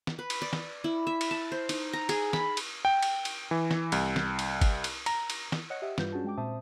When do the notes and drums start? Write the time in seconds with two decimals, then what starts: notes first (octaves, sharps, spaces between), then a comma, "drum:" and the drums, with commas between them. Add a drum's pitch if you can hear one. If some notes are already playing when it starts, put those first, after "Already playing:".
0.07 drum: snare
0.19 B4
0.30 drum: cymbal
0.42 D5
0.53 drum: snare
0.84 E4
1.07 E5
1.21 drum: cymbal
1.31 A5
1.52 C5
1.69 D#4, drum: cymbal
1.93 A#5
2.09 G#4, drum: cymbal
2.33 B5, drum: snare
2.57 drum: cymbal
2.85 G5
3.03 drum: cymbal
3.25 drum: cymbal
3.51 E3
3.71 drum: snare
3.92 C2, drum: cymbal
4.16 drum: snare
4.39 drum: cymbal
4.61 drum: kick G1, cymbal
4.84 drum: cymbal
5.06 A#5, drum: cymbal
5.30 drum: cymbal
5.52 drum: snare
5.70 C#5 D#5 F#5 F#6 C#7
5.82 G4 E5 F#5 D#6
5.98 G2 G3 F4 B4 G6, drum: snare
6.12 C#4 D4 F#4 G#4 A5
6.24 G#3 G5 D6
6.37 A#2 C4 C5 E5 A5 D#6